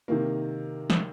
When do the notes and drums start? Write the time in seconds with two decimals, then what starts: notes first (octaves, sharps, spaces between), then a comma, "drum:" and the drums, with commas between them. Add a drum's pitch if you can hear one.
0.08 C3 D#3 A#3
0.90 drum: snare